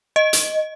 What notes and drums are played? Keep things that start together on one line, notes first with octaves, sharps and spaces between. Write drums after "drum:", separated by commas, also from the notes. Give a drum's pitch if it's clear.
D#5
drum: hi-hat